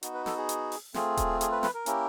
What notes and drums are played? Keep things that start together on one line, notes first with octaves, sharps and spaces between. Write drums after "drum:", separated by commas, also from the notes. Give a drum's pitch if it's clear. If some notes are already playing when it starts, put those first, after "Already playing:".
B3 D#4 F#4, drum: hi-hat
B4
A4, drum: snare
G#4
drum: hi-hat
drum: open hi-hat
A3 C4 F4 G#4, drum: snare
drum: kick D#1, hi-hat
G#4, drum: hi-hat
B4
B4, drum: snare
A#4
A#3 C#4 E4 G4, drum: hi-hat